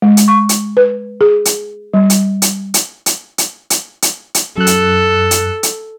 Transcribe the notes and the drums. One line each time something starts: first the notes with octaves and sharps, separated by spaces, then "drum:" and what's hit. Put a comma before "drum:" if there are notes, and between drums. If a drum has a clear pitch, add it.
G#3
drum: hi-hat
C#6
drum: hi-hat
B4
G#4
drum: hi-hat
G3
drum: hi-hat
drum: hi-hat
drum: hi-hat
drum: hi-hat
drum: hi-hat
drum: hi-hat
drum: hi-hat
drum: hi-hat
F#2 A4 F#6
drum: hi-hat
drum: hi-hat
drum: hi-hat